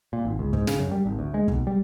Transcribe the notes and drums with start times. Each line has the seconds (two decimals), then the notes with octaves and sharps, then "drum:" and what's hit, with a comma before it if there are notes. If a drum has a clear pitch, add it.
0.13 A#2
0.25 G#1
0.39 C#2
0.53 G#2, drum: kick
0.67 C#3, drum: snare
0.79 F#2
0.91 G3
1.06 G#1
1.19 D2
1.34 G#3
1.48 B1, drum: kick
1.67 G3